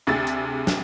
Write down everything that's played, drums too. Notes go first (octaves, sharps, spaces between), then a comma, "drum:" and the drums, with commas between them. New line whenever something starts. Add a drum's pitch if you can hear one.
D2 C3 G#4 E5 A6
drum: hi-hat
drum: snare